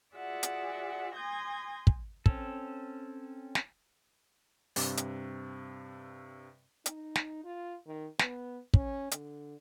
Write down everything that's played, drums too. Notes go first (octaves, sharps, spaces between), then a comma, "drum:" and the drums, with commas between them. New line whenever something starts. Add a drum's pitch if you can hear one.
F4 F#4 G#4 D5 E5 F#5
drum: hi-hat
G#5 C6 D#6 G6 G#6 A#6
drum: kick
C4 C#4 A4, drum: kick
drum: snare
G2 C3, drum: open hi-hat
drum: hi-hat
D#4, drum: hi-hat
drum: snare
F4
D#3
B3, drum: snare
C#4, drum: kick
D3, drum: hi-hat